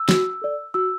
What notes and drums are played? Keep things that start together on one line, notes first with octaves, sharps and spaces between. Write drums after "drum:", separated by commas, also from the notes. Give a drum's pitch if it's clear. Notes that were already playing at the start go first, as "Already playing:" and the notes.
Already playing: E6
F#4, drum: snare
A4 D5
F#4 E6